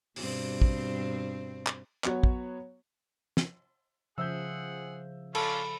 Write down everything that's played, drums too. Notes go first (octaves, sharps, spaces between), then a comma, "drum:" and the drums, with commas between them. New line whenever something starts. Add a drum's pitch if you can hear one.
G2 B2 C4, drum: open hi-hat
drum: kick
drum: clap
F#3 B3 F#4 C#5, drum: clap
drum: kick
drum: snare
C#3 F3 G#4 E5 F#5 E6 G6
C#4 D4 F4 A4 B5, drum: cymbal